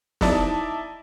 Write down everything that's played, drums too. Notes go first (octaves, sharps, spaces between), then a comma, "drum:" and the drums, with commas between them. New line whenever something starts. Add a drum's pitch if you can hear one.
D#4 E4 D5 A5, drum: snare